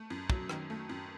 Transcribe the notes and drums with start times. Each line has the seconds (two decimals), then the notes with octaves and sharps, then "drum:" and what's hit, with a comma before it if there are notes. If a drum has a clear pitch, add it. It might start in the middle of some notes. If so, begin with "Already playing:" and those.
Already playing: A3
0.10 F#2
0.30 F#3, drum: kick
0.49 D#3, drum: rim click
0.70 A3
0.90 F#2